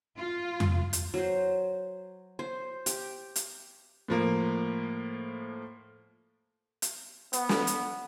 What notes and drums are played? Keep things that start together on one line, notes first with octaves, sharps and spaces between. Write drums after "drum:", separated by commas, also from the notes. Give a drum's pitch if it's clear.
F4
drum: tom F2
drum: hi-hat
F#3 C5
C5
G4, drum: hi-hat
drum: hi-hat
A2 F3 A#3
drum: hi-hat
B3, drum: hi-hat
drum: snare
drum: hi-hat